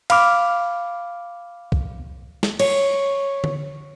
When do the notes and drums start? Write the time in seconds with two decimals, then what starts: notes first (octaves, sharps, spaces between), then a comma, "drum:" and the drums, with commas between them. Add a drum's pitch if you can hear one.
0.10 F5 B5 D6 F6, drum: cymbal
1.72 drum: kick
2.43 drum: snare
2.59 C#5, drum: cymbal
3.44 drum: tom D3